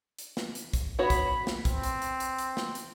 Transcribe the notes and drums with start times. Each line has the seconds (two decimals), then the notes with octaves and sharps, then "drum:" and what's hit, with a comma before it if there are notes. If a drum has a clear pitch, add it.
0.19 drum: hi-hat
0.37 drum: snare
0.55 drum: hi-hat
0.74 drum: kick, hi-hat
0.99 B3 F#4 C#5 B5
1.10 drum: kick, hi-hat
1.47 drum: snare
1.65 C4, drum: kick, hi-hat
1.84 drum: hi-hat
2.02 drum: hi-hat
2.20 drum: hi-hat
2.39 drum: hi-hat
2.57 drum: snare
2.75 drum: hi-hat